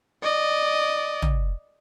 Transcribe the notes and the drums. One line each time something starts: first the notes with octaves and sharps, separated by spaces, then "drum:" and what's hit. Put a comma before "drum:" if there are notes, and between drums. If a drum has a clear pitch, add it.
D5 D#5
drum: tom